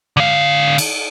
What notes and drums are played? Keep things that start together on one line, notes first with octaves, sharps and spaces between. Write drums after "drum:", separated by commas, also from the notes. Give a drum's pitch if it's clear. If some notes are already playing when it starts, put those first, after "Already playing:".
D3 F5
drum: cymbal